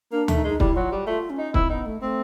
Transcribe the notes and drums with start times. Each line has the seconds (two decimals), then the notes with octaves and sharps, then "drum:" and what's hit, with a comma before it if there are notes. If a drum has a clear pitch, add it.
0.12 A#3 D4
0.28 A3, drum: tom D2
0.36 D#4
0.44 G#3
0.50 D#4
0.60 G3 E4, drum: kick
0.76 F#3 F4
0.92 G3
1.07 A3 F4
1.30 C#4
1.38 D#4
1.54 C4 E4, drum: kick
1.70 B3 D#4
1.86 A3
2.02 A3 C4